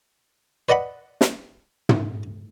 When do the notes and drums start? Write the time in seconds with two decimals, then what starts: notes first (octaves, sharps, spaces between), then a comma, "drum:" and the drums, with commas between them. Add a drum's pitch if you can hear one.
0.69 B4 D5 D#5 F#5 B5
1.21 drum: snare
1.89 drum: tom